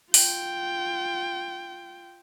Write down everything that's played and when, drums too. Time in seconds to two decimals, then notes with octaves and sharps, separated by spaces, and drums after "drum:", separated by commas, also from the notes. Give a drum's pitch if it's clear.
0.14 F4 G5, drum: open hi-hat